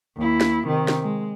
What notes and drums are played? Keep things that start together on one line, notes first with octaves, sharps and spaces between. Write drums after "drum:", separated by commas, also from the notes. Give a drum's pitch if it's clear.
D#2 E4
drum: snare
C3 D#3
drum: snare
G#3